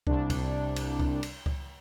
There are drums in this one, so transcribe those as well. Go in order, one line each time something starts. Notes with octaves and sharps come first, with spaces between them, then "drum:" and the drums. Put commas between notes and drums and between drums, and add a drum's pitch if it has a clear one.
C2 D4, drum: kick C#2
drum: kick C#2, cymbal
drum: cymbal
drum: kick C#2
drum: cymbal
drum: kick C#2